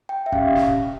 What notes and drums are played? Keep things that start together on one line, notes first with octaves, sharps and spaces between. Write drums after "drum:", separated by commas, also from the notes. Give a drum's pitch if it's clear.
G5
E5
C#4 G4 F5, drum: kick
drum: snare